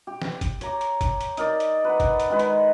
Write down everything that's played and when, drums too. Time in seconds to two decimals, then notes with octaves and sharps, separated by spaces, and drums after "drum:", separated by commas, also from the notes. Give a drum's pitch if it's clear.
0.07 G4
0.22 drum: snare
0.41 drum: kick, hi-hat
0.61 C#5 A#5 D6, drum: hi-hat
0.81 drum: hi-hat
1.01 drum: kick, hi-hat
1.21 drum: hi-hat
1.37 D#4 A#4 D5, drum: hi-hat
1.60 drum: hi-hat
1.85 B4 F#5
2.00 drum: kick, hi-hat
2.20 drum: hi-hat
2.30 D#3 G#3 B4
2.39 drum: hi-hat